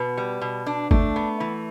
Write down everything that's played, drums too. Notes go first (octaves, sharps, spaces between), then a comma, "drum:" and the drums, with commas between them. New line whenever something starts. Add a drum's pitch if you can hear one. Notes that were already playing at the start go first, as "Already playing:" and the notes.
Already playing: B2 B3
G3
B2
D4
A3 D4, drum: kick G1
B3
E3